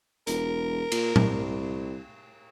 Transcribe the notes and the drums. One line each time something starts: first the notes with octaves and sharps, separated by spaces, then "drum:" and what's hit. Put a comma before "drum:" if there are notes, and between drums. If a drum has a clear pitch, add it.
E1 A#4, drum: hi-hat
A#2, drum: cymbal
C2, drum: tom A#2